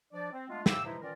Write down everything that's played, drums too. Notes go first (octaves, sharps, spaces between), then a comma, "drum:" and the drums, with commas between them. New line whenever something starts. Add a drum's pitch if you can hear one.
F3 D4 D5
C4
G#3 A3 B3 D4 F4
E5 F5 G5 D6 E6, drum: snare
C3 E3 F3 G#3 D#4 E4
D#3 E3 C#4 F4 A#4 D5